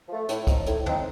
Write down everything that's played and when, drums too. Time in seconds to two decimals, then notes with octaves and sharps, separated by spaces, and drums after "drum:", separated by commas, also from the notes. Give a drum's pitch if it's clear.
0.09 F3 A3
0.29 A2, drum: hi-hat
0.47 F3 C4 D#4, drum: kick, hi-hat
0.66 A2, drum: hi-hat
0.86 F3 C4 D#4, drum: tom